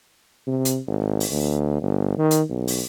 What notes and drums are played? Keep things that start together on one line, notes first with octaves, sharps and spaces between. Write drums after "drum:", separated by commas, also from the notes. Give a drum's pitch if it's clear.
C3
drum: hi-hat
G#1
drum: open hi-hat
D2
G1
D#3
drum: hi-hat
B1
drum: open hi-hat